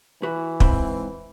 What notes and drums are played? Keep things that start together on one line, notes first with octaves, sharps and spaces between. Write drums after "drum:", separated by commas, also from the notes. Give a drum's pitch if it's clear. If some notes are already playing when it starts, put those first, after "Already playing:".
E3 F#4 B4
G#2 C4 B5, drum: kick